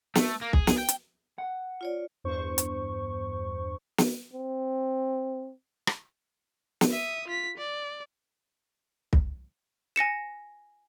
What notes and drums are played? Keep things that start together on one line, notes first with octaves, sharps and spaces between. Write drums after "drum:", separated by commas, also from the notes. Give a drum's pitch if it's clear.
A3, drum: snare
A#3
G#4, drum: kick
drum: snare
G5
drum: hi-hat
F#5
F4 C#5 D5
E2 G2 C5 C#6
drum: hi-hat
drum: snare
C4
drum: rim click
drum: snare
E5 D#6
F4 B6
D5
drum: kick
G#5 A#6 C#7 E7